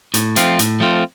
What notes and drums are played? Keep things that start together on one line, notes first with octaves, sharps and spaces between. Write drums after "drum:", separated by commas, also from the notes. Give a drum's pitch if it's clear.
A2, drum: hi-hat
F3 A3 C4 F4, drum: hi-hat
A2, drum: hi-hat
F3 A3 C4 F4